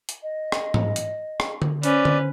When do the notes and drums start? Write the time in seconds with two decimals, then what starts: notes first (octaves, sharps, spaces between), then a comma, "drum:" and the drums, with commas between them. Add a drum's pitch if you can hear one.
0.09 drum: hi-hat
0.23 D#5
0.52 drum: rim click
0.74 drum: tom G#2
0.96 drum: hi-hat
1.40 drum: rim click
1.62 drum: tom D3
1.83 C#4 B4 C5 D5, drum: hi-hat
2.05 drum: tom D3